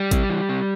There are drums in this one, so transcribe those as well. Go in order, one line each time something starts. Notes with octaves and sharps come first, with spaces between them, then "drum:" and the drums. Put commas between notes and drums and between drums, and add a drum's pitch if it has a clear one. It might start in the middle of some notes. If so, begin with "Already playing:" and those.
Already playing: G3
C3, drum: kick G#1, hi-hat
E3
C3